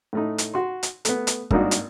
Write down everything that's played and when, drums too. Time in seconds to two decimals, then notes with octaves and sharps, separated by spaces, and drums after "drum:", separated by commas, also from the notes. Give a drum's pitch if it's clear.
0.13 A2 A3 D#4
0.38 drum: hi-hat
0.54 F#4 C6
0.83 drum: hi-hat
1.05 A3 B3, drum: hi-hat
1.27 drum: hi-hat
1.51 G#1 G2 A#3 D4 D#4 F#4, drum: kick G1
1.71 drum: hi-hat